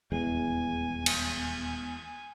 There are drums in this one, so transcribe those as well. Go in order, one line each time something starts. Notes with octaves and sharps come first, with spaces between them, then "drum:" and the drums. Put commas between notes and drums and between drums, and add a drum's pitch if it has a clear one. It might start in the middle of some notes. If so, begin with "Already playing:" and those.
D#1 E2 G#3 B3 G#5
drum: cymbal